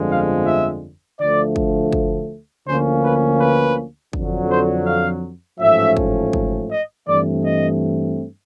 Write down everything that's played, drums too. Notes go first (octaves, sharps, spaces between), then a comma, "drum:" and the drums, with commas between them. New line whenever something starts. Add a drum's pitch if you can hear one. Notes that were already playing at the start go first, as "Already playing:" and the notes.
Already playing: G1 F2 D3 F3 G#3
F5
E5
D2 D3 F3 A3 D5
drum: kick
drum: kick
D2 D3 F3 A#3 C#4 C5
B4
B4
F2 D3 F#3, drum: kick
C5
F5
A1 G#2 F3 A3 C#4 E5
drum: kick
drum: kick
D#5
G2 E3 A3 C4 D5
D#5